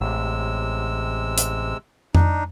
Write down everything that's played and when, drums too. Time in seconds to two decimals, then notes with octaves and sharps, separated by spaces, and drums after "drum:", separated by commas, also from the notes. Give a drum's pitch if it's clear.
0.01 A1 C3 G#3 E6
1.38 drum: hi-hat
2.15 D4 D#4, drum: tom F2